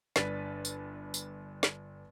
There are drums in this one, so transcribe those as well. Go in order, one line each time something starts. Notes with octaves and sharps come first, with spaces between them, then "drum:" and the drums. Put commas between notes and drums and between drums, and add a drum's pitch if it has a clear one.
G1 D4 B4 A6 B6 D#7, drum: snare
drum: tambourine
drum: tambourine
drum: snare